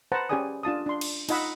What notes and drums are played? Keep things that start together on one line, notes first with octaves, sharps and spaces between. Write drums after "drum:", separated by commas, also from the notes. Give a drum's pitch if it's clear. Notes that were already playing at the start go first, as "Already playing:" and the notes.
B4 C5 F#5 A5 A#5
C#4 G4 G#4 D5 G#5 D#6
D4 F4 A5 D#6
D4 C6
drum: cymbal
D#4 F4 D#5 F#5 B5 E6, drum: cymbal